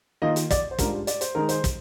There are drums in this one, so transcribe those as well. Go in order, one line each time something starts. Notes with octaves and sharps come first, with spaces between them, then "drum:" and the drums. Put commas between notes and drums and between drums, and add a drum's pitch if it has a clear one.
D#3 A#3 F4 D#5
drum: hi-hat
D5, drum: kick, hi-hat
C5
G#2 G3 D4 F4 A#4, drum: kick, hi-hat
D5, drum: hi-hat
C5, drum: hi-hat
D#3 G#3 D#4 A#4
C5, drum: hi-hat
drum: kick, hi-hat